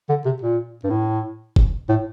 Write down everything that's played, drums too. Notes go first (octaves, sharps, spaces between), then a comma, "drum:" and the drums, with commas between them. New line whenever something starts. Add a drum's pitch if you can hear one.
D3
C3
A#2
G2
A2
drum: kick F#1
A2